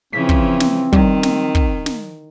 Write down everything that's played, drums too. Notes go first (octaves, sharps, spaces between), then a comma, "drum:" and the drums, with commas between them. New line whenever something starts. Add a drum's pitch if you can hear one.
C#3 E3 F3 C4 B6
drum: kick
drum: snare
D#3 G3, drum: kick
drum: snare
drum: kick
drum: snare